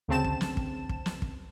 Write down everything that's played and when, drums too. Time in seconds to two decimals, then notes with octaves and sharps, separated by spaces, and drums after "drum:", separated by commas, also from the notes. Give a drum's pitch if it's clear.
0.08 D2 C#3 C4 A5 E7
0.24 drum: kick
0.41 drum: snare
0.57 drum: kick
0.89 drum: kick
1.06 drum: snare
1.22 drum: kick